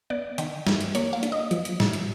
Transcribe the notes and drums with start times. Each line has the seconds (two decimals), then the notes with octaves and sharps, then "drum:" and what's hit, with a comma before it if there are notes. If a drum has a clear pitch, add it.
0.10 B3 D5
0.38 D#3, drum: hi-hat
0.67 G#2, drum: snare
0.81 drum: hi-hat
0.95 A#3 C#5, drum: hi-hat
1.13 F5
1.23 D4, drum: hi-hat
1.32 D#5
1.51 F3, drum: hi-hat
1.65 drum: hi-hat
1.80 A2, drum: snare
1.93 drum: hi-hat